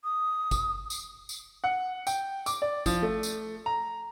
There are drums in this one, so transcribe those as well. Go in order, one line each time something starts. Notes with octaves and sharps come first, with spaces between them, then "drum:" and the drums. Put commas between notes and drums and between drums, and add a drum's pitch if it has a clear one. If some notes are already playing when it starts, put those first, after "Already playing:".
D#6
drum: kick, tambourine
drum: tambourine
drum: tambourine
F#5
G5, drum: tambourine
D6, drum: tambourine
D5
F3, drum: kick, tambourine
A3
drum: tambourine
A#5